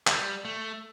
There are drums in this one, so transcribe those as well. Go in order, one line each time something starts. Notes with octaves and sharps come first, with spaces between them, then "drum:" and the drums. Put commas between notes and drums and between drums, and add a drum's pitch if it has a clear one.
G3, drum: clap
A3